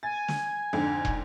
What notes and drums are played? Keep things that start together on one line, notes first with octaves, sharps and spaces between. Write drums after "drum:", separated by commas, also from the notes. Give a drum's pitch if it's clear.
G#5 A6
drum: snare
F2 G#2 D3
drum: kick